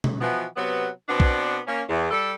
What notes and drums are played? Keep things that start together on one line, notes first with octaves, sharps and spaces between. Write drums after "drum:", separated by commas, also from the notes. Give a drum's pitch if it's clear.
drum: tom B2
B2 E3 F3 B3
C3 F#3 B3
B2 B3 C4 D4
drum: kick B1
A#3 C#4
E2
G3 A4